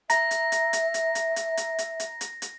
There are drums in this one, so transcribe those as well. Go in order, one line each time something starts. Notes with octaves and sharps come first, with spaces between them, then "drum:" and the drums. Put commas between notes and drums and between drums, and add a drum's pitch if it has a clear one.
E5 A#5 A#6, drum: hi-hat
drum: hi-hat
drum: hi-hat
drum: hi-hat
drum: hi-hat
drum: hi-hat
drum: hi-hat
drum: hi-hat
drum: hi-hat
drum: hi-hat
drum: hi-hat
drum: hi-hat